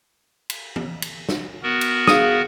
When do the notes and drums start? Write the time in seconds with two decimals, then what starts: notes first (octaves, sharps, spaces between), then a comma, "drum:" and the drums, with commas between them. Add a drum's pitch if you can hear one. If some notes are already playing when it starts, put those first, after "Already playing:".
0.50 drum: cymbal
0.76 drum: tom
1.02 drum: cymbal
1.29 drum: snare
1.63 B3 F#4 A#4
1.81 drum: cymbal
2.07 G#4 F5 D#6, drum: snare